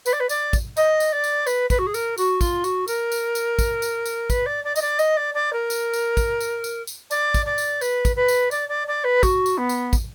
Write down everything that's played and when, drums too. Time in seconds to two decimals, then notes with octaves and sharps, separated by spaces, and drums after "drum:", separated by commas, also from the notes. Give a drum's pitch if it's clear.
0.06 B4, drum: tambourine
0.13 D5
0.20 B4
0.29 D5, drum: tambourine
0.53 drum: kick, tambourine
0.77 D#5, drum: tambourine
1.00 drum: tambourine
1.13 D5
1.24 drum: tambourine
1.47 B4, drum: tambourine
1.70 B4, drum: kick, tambourine
1.79 F#4
1.87 G#4
1.94 A#4, drum: tambourine
2.18 F#4, drum: tambourine
2.41 F4, drum: kick, tambourine
2.64 F#4, drum: tambourine
2.88 A#4, drum: tambourine
3.12 drum: tambourine
3.35 drum: tambourine
3.59 drum: kick, tambourine
3.82 drum: tambourine
4.06 drum: tambourine
4.30 B4, drum: kick, tambourine
4.46 D5
4.64 D5
4.76 D#5, drum: tambourine
4.82 D5
4.99 D#5, drum: tambourine
5.17 D5
5.34 D5
5.53 A#4
5.70 drum: tambourine
5.93 drum: tambourine
6.17 drum: kick, tambourine
6.40 drum: tambourine
6.64 drum: tambourine
6.87 drum: tambourine
7.11 D5, drum: tambourine
7.34 drum: kick, tambourine
7.46 D5
7.58 drum: tambourine
7.81 B4, drum: tambourine
8.05 drum: kick, tambourine
8.16 B4
8.28 drum: tambourine
8.51 D5, drum: tambourine
8.69 D5
8.88 D5
9.04 B4
9.23 F#4, drum: kick, tambourine
9.46 drum: tambourine
9.58 B3
9.69 drum: tambourine
9.93 drum: kick, tambourine